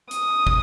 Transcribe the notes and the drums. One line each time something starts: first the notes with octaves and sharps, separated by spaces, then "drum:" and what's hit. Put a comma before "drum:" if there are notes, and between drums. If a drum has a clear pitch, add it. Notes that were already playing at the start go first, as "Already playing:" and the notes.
D#6, drum: hi-hat
drum: kick